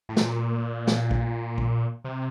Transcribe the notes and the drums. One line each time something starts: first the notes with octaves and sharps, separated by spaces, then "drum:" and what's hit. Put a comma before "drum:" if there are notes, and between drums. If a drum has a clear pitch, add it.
A2
A#2, drum: snare
drum: snare
drum: kick A#1
drum: kick A#1
C3